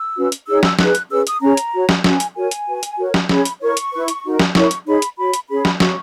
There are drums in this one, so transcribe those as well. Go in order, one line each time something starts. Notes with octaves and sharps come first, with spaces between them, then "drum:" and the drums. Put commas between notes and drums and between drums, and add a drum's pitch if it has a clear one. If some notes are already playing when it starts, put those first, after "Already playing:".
Already playing: E6
C#4 F#4 B4
drum: hi-hat
D#4 G#4 C#5 E6
E6, drum: snare
D#4 G#4 B4 F#6, drum: snare
drum: hi-hat
C#4 G#4 B4 E6
D#6, drum: hi-hat
C#4 G#4 C#5 A#5
drum: hi-hat
F#4 C#5
drum: snare
C#4 F#4 B4 G#5, drum: snare
drum: hi-hat
F#4 A#4 C#5 G#5
drum: hi-hat
F#4 B4
drum: hi-hat
F#4 A#4 C#5
drum: snare
C#4 G#4 C#5 B5, drum: snare
drum: hi-hat
E4 A#4 C#5 C#6
drum: hi-hat
E4 B4
drum: hi-hat
D#4 F#4 A#4
drum: snare
E4 A#4 C#5 C#6, drum: snare
drum: hi-hat
D#4 G#4 C#5 B5
drum: hi-hat
F#4 C#5 B5
drum: hi-hat
C#4 G#4 C#5 B5
drum: snare
F#4 C#5 C#6, drum: snare